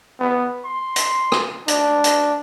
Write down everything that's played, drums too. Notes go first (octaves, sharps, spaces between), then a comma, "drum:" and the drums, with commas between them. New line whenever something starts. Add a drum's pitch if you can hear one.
B3
C6
drum: hi-hat
drum: rim click
D4, drum: hi-hat
drum: hi-hat